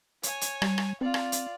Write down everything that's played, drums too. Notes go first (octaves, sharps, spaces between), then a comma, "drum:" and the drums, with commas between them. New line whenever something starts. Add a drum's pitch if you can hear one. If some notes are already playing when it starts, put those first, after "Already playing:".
C#5 G#5, drum: hi-hat
drum: hi-hat
G3, drum: rim click
drum: rim click
C4 F4 D5
drum: rim click
drum: hi-hat